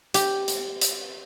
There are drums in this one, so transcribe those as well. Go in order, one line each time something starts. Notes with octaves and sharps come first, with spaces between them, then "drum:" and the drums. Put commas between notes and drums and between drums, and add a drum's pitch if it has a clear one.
G4, drum: hi-hat
drum: hi-hat
drum: hi-hat